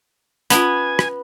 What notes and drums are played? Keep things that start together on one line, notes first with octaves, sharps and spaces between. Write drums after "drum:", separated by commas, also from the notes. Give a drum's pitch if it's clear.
B3 C#4 F4 G#5 B5, drum: hi-hat
drum: rim click